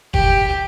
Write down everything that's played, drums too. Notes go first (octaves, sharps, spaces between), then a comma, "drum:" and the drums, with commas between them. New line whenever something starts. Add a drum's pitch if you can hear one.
G4, drum: kick F#1